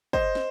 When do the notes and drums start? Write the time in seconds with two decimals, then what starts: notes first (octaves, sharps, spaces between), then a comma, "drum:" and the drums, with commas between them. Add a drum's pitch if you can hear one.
0.13 C5 D#5, drum: kick
0.35 drum: snare